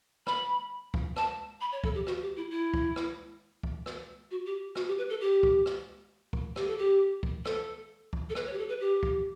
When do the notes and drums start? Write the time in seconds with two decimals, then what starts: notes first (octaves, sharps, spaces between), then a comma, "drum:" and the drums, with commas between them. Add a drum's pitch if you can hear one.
0.27 B5, drum: rim click
0.94 drum: kick
1.16 A5, drum: rim click
1.61 B5
1.72 C#5
1.84 A4, drum: kick
1.95 G4
2.07 F#4, drum: rim click
2.22 G4
2.36 E4
2.51 E4
2.74 drum: kick
2.96 drum: rim click
3.63 drum: kick
3.86 drum: rim click
4.31 F#4
4.46 G4
4.75 F#4, drum: rim click
4.87 G4
4.98 B4
5.09 A4
5.21 G4
5.43 drum: kick
5.66 drum: rim click
6.33 drum: kick
6.56 G4, drum: rim click
6.67 A4
6.78 G4
7.23 drum: kick
7.45 A4, drum: rim click
8.13 drum: kick
8.29 A4
8.35 B4, drum: rim click
8.46 C#5
8.53 G4
8.58 A4
8.69 B4
8.80 G4
9.03 drum: kick